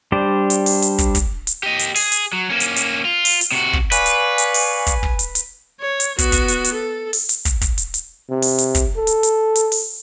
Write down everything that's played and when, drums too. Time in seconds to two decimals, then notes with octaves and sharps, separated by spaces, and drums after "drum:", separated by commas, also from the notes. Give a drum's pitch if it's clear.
0.12 G3 D4 G4 C5
0.50 drum: hi-hat
0.66 drum: open hi-hat
0.82 drum: hi-hat
0.98 drum: kick, hi-hat
1.15 drum: kick, hi-hat
1.47 drum: hi-hat
1.63 G4 D#5
1.79 drum: hi-hat
1.95 G#4, drum: open hi-hat
2.12 drum: hi-hat
2.33 F#3
2.50 A#3 C#4
2.60 drum: hi-hat
2.76 drum: hi-hat
3.05 F4
3.25 drum: open hi-hat
3.41 drum: hi-hat
3.52 C3 F#4
3.73 drum: kick
3.92 B4 D5 F5 G#5 C#6, drum: hi-hat
4.06 drum: hi-hat
4.38 drum: hi-hat
4.54 drum: open hi-hat
4.87 drum: kick, hi-hat
5.03 drum: kick
5.19 drum: hi-hat
5.35 drum: hi-hat
5.80 C#5
6.00 drum: hi-hat
6.18 B3 F#4, drum: kick, hi-hat
6.32 drum: kick, hi-hat
6.48 drum: hi-hat
6.64 drum: hi-hat
6.74 A4
7.13 drum: open hi-hat
7.29 drum: hi-hat
7.45 drum: kick, hi-hat
7.61 drum: kick, hi-hat
7.78 drum: hi-hat
7.94 drum: hi-hat
8.30 C3
8.42 drum: open hi-hat
8.58 drum: hi-hat
8.75 drum: kick, hi-hat
8.97 A4
9.07 drum: hi-hat
9.23 drum: hi-hat
9.55 drum: hi-hat
9.72 drum: open hi-hat